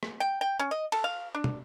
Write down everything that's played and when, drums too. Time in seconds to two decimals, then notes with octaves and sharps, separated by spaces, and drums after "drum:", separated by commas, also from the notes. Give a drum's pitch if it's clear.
0.03 drum: rim click
0.20 G5
0.41 G5
0.59 C#4
0.71 D#5
0.92 A4, drum: cymbal
1.04 F5
1.35 D4
1.44 drum: tom